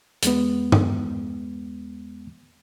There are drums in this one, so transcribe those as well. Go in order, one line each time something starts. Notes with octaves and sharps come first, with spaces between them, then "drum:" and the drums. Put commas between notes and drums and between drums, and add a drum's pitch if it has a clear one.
E2 G#3 B3, drum: hi-hat
drum: tom G2